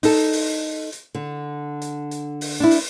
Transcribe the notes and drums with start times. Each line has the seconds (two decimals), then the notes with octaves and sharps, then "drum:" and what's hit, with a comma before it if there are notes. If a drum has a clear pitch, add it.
0.03 D#4 A4, drum: open hi-hat
0.33 drum: open hi-hat
0.92 drum: hi-hat
1.15 D3
1.82 drum: hi-hat
2.11 drum: hi-hat
2.41 drum: open hi-hat
2.60 D4 E4
2.71 drum: open hi-hat